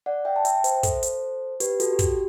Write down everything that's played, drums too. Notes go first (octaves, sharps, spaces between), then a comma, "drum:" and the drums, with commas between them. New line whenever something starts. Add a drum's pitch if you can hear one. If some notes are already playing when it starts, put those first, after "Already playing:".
D5 F#5
E5 G5
A5
E5 G5, drum: hi-hat
C5 E5, drum: hi-hat
A4 C5, drum: kick, hi-hat
drum: hi-hat
G4 B4, drum: hi-hat
F#4 A4, drum: hi-hat
G4
F#4, drum: kick, hi-hat